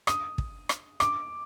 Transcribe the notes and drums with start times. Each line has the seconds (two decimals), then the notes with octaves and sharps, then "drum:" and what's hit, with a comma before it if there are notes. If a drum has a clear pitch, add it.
0.07 D#6, drum: rim click
0.38 drum: kick
0.69 drum: rim click
1.00 D6, drum: rim click